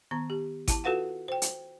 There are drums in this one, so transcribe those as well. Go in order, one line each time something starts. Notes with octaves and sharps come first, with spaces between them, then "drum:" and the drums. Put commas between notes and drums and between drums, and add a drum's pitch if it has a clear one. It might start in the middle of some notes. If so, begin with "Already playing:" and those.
D#3 B3 A#5
G4
E4 A5, drum: kick G#1, hi-hat
F4 F#4 A4 B4 F5 F#5
C5 G5
drum: hi-hat